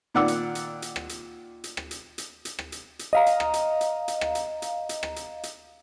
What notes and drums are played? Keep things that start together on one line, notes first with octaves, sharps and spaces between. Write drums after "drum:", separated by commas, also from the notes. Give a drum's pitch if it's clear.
A#2 D#3 D5 F#5 D6 E6
drum: hi-hat
drum: hi-hat
drum: hi-hat
drum: rim click
drum: hi-hat
drum: hi-hat
drum: rim click
drum: hi-hat
drum: hi-hat
drum: hi-hat
drum: rim click
drum: hi-hat
drum: hi-hat
D#5 F5 A#5
drum: hi-hat
drum: rim click
drum: hi-hat
drum: hi-hat
drum: hi-hat
drum: rim click
drum: hi-hat
drum: hi-hat
drum: hi-hat
drum: rim click
drum: hi-hat
drum: hi-hat